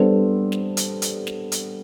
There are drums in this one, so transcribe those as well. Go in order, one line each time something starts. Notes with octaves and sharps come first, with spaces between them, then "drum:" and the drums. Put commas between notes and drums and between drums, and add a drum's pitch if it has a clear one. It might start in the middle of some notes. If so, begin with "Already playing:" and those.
Already playing: G3 B3 D4 A4 C5
drum: snare
drum: hi-hat
drum: hi-hat
drum: snare
drum: hi-hat